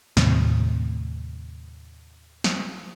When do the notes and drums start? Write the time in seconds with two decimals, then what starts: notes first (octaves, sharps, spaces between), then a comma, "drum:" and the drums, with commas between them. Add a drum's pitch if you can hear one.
0.17 D#2 A2 C3, drum: snare
2.44 drum: snare